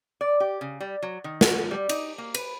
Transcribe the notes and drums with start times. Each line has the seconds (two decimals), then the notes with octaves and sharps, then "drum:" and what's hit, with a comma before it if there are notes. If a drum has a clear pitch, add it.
0.21 D5
0.40 G4
0.61 C#3
0.80 G3
1.02 F#3
1.24 D#3
1.41 F#4, drum: snare
1.71 G3
1.89 D#4, drum: cymbal
2.18 A#3
2.34 B4, drum: cymbal